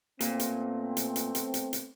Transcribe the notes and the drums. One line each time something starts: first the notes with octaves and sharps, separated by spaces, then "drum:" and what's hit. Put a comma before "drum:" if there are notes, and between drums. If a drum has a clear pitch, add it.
A#2 A3 B3 C4, drum: hi-hat
drum: hi-hat
drum: hi-hat
drum: hi-hat
drum: hi-hat
drum: hi-hat
drum: hi-hat